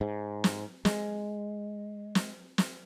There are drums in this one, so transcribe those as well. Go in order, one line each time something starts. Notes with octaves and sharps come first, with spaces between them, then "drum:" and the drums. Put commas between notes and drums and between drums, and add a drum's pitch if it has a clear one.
G#2
drum: snare
G#3, drum: snare
drum: snare
drum: snare